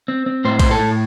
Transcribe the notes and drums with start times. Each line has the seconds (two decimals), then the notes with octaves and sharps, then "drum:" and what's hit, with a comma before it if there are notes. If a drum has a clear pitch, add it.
0.08 C4
0.26 C4
0.45 A2 C5
0.59 A2 C5, drum: kick A#1, cymbal
0.71 A4
0.79 A2